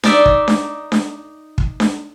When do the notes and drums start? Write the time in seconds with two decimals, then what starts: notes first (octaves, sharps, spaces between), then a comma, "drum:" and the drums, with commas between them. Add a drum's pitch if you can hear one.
0.04 D#4 D5 E5, drum: snare D4
0.26 drum: kick
0.48 drum: snare D4
0.92 drum: snare D4
1.58 drum: kick
1.80 drum: snare D4